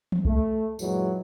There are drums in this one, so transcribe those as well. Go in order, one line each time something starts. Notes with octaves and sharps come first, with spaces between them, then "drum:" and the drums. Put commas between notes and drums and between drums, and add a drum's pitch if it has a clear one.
drum: tom E3
A3, drum: kick C2
F#2 A#2 E3 F#3 G#3, drum: tambourine